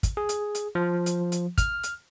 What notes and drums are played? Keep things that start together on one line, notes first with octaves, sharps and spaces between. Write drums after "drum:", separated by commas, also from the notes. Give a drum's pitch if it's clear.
drum: kick, hi-hat
G#4
drum: hi-hat
drum: hi-hat
F3
drum: hi-hat
drum: hi-hat
F6, drum: kick, hi-hat
drum: hi-hat